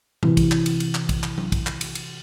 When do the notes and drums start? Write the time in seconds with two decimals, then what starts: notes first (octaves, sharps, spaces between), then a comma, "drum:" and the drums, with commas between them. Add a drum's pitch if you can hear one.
0.23 C3 E3, drum: tom A2
0.37 drum: kick, cymbal
0.51 drum: clap
0.66 drum: cymbal
0.80 drum: cymbal
0.95 drum: clap
1.09 drum: kick, cymbal
1.23 drum: clap
1.38 drum: tom F#3
1.52 drum: kick, cymbal
1.67 drum: clap
1.81 drum: cymbal
1.95 drum: cymbal